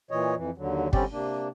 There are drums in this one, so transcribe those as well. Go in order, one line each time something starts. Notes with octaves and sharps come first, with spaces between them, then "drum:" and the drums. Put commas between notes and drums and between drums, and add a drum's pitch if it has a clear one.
A#2 E3 C#5 D#5
F2 E3
D#2 D3 F#3
D3 G3 C4 C#4 G4 D5, drum: kick
C3 A#3 D4